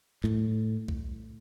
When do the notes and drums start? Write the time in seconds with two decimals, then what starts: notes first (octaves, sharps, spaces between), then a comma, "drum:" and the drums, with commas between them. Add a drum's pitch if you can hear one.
0.24 A2, drum: clap
0.88 drum: kick B1